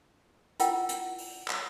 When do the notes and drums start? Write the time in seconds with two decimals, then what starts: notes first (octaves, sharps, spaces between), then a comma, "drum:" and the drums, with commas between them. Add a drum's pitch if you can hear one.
0.60 E4 F4 A#4 F#5 G5, drum: hi-hat
0.89 drum: hi-hat
1.18 drum: open hi-hat
1.48 drum: clap